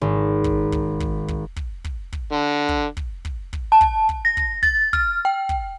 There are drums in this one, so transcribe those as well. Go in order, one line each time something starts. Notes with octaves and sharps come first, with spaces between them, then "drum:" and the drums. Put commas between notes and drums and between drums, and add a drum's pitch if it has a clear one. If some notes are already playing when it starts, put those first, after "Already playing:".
G#1
drum: kick
drum: kick
drum: kick
drum: kick
drum: kick
drum: kick
drum: kick
D3
drum: kick
drum: kick
drum: kick
drum: kick
A5
drum: kick
drum: kick
A#6
drum: kick
A6, drum: kick
F6, drum: kick
G5
drum: kick